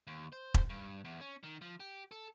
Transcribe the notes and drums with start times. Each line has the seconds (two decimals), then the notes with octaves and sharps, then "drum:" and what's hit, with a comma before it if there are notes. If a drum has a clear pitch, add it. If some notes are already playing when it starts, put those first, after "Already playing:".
0.07 D#2
0.33 C5
0.54 drum: kick E1
0.70 G2
1.05 E2
1.21 C#4
1.43 D#3
1.62 F3
1.80 G4
2.11 A4